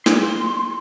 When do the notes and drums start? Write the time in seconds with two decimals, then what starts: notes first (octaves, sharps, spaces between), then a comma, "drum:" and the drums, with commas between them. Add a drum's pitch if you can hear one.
0.06 C6, drum: snare